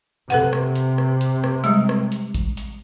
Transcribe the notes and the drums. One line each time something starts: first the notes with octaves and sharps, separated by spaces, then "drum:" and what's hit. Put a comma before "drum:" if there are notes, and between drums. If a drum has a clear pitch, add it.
C3 A4 B4 F#5, drum: hi-hat
drum: rim click
drum: hi-hat
drum: rim click
drum: hi-hat
drum: rim click
G3 G#3, drum: hi-hat
drum: rim click
drum: hi-hat
drum: kick A1, hi-hat
drum: hi-hat